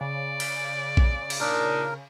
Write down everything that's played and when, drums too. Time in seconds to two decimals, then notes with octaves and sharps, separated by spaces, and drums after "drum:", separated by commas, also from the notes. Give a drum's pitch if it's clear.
0.01 C#3 D5
0.40 drum: cymbal
0.97 drum: kick A#1
1.30 drum: cymbal
1.40 A#2 D4 D#4 A#4